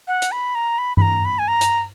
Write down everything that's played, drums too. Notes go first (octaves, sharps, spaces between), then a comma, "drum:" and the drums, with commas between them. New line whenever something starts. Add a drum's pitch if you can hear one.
F#5
drum: hi-hat
B5
A#5
B5
B5, drum: tom G2
A#5
B5
G#5
A#5
drum: hi-hat